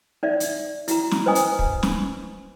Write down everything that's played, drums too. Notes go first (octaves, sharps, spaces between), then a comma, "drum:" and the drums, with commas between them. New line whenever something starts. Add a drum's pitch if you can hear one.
D#4 D5 E5
drum: hi-hat
E4 F#4 A#5, drum: hi-hat
drum: snare
B4 C5 D#5 G#5 D#6
drum: hi-hat
drum: kick
drum: snare